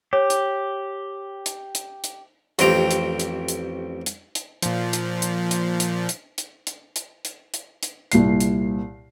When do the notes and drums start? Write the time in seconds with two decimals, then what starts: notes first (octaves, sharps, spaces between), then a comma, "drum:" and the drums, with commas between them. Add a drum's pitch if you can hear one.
0.13 G4 C#5
0.30 drum: hi-hat
1.46 drum: hi-hat
1.75 drum: hi-hat
2.04 drum: hi-hat
2.59 A1 F2 C4 G4 G5 A#5, drum: hi-hat
2.91 drum: hi-hat
3.20 drum: hi-hat
3.48 drum: hi-hat
4.06 drum: hi-hat
4.35 drum: hi-hat
4.62 A#2 F3, drum: hi-hat
4.93 drum: hi-hat
5.22 drum: hi-hat
5.51 drum: hi-hat
5.80 drum: hi-hat
6.09 drum: hi-hat
6.38 drum: hi-hat
6.67 drum: hi-hat
6.96 drum: hi-hat
7.25 drum: hi-hat
7.54 drum: hi-hat
7.83 drum: hi-hat
8.12 C2 A#2 C7, drum: hi-hat
8.40 drum: hi-hat